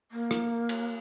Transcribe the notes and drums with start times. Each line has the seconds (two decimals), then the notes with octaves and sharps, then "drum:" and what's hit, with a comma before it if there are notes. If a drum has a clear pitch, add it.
0.12 A#3
0.31 drum: rim click
0.69 drum: cymbal